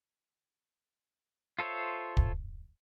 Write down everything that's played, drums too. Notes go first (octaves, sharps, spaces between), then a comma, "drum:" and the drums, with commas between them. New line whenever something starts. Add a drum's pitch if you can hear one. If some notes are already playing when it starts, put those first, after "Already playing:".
F4 A4 C5 C#5 E5
drum: kick